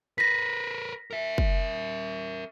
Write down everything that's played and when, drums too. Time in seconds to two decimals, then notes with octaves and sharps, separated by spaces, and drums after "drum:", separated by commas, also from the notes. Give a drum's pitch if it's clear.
0.18 A#4 B4 A#6 B6
1.11 A#4 E5
1.38 drum: kick